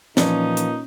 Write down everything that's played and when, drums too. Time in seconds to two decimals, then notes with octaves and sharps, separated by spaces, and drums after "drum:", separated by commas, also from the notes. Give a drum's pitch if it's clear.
0.17 A#2 E3 F3 C#4 D#4 D5, drum: snare
0.57 drum: hi-hat